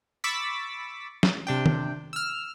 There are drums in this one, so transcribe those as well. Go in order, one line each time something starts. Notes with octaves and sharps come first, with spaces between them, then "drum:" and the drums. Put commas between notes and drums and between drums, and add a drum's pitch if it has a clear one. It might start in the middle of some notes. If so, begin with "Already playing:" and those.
B5 C#6 D6 E6 A6 B6
drum: snare
C3 D4 G5
drum: tom
E6 F6